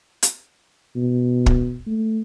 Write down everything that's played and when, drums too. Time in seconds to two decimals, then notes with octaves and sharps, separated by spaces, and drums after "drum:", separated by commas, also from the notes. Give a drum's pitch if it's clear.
0.23 drum: hi-hat
0.96 B2
1.46 drum: kick
1.87 A3